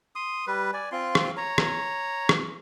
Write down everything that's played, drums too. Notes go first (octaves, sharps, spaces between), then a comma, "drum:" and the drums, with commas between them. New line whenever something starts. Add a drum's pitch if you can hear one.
C6 D#6
G3 B4
D5 G#5
C4 F4 C6
drum: rim click
C#5 A#5
drum: rim click
drum: rim click